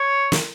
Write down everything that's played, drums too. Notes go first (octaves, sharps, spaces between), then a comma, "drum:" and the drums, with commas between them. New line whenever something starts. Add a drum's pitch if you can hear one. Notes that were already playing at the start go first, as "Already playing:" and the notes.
Already playing: C#5
drum: snare